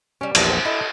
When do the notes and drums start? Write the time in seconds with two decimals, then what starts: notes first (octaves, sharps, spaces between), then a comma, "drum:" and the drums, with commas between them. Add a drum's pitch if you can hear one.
0.21 G3 C#4 G4
0.35 A#1 E2 A5, drum: cymbal
0.50 C4 C5
0.65 E4 A4 D#5